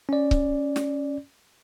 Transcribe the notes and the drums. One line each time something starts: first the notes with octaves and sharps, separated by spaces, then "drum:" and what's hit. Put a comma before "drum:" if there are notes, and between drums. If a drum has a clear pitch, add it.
C#4 D5
drum: kick C#1
drum: snare